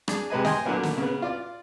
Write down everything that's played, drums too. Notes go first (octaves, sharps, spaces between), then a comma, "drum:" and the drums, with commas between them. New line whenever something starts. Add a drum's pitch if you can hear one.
D4 G#4, drum: rim click
C3 G#3 B4 D#5 G#5
D#5 G5 G#5 C6, drum: snare
A#2 D3 F#3 A#3 B3
drum: snare
C#3 B3
F4 D5